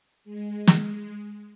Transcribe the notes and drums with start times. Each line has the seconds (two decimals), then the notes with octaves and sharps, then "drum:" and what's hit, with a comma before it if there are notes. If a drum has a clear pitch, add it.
0.24 G#3
0.67 drum: snare